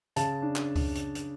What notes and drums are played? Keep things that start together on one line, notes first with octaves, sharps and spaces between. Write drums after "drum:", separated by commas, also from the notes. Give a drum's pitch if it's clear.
C#3 A5, drum: hi-hat
D4
drum: clap
drum: kick C#2, open hi-hat
drum: hi-hat
drum: hi-hat